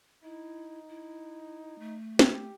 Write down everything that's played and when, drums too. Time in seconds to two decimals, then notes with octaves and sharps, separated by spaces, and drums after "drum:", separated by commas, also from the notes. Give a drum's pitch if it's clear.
0.24 D#4 E4
0.88 E4
1.79 A3
2.19 G4, drum: snare